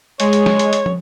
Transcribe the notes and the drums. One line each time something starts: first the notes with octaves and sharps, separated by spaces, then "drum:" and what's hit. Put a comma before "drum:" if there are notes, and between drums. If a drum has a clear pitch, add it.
G#3 C#5, drum: hi-hat
drum: hi-hat
drum: snare
drum: hi-hat
drum: hi-hat
drum: tom